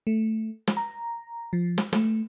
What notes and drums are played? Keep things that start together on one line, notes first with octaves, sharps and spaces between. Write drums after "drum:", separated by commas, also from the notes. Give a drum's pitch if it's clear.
A3
drum: snare
A#5
F3
drum: snare
A3, drum: snare